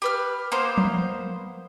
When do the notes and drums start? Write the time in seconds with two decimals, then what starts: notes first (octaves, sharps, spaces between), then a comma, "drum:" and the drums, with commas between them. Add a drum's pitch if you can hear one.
0.02 G4 B4 F6
0.52 A#3 B3 C5
0.78 drum: tom F3